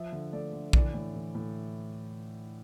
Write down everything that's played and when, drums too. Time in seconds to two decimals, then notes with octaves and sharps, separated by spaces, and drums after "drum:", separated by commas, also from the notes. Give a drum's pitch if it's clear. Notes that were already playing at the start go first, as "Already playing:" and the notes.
Already playing: F3 E5
0.12 D3
0.33 A3 D5
0.53 D3
0.73 E3 D5, drum: kick
0.94 A2
1.14 E3
1.35 A2